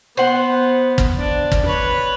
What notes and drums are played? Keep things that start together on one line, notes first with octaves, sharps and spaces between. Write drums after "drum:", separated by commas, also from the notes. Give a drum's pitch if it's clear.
B3 C5 F#5
drum: kick
D4
drum: kick
B4 C#5